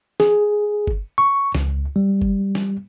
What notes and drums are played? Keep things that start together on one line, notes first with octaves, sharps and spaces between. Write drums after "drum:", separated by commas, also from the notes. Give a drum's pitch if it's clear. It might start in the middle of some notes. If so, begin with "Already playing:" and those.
G#4, drum: snare
drum: kick G1
C#6
C#2, drum: snare
G3
drum: kick G1
drum: snare